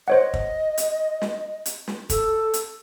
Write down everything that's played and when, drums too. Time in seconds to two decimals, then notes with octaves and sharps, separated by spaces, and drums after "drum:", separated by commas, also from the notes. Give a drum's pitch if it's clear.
0.08 C5 C#5 D#5 F#5
0.34 drum: kick
0.78 drum: hi-hat
1.22 drum: snare
1.66 drum: hi-hat
1.88 drum: snare
2.10 A4, drum: kick, hi-hat
2.54 drum: hi-hat